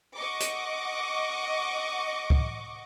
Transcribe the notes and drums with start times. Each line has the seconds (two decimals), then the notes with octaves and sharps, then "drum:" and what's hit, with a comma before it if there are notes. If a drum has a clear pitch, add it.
0.15 D#5 F#5 C#6 D6
0.40 drum: hi-hat
2.30 drum: kick C#2